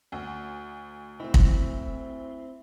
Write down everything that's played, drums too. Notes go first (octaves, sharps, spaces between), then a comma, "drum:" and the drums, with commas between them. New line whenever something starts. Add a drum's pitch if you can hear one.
D2
A3 C4 E4
drum: kick